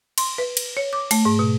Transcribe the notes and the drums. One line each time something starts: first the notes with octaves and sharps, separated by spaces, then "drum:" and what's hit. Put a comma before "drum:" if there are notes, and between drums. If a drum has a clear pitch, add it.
C6, drum: cymbal
B4
drum: cymbal
C#5
D6
A3, drum: cymbal
G#2
B2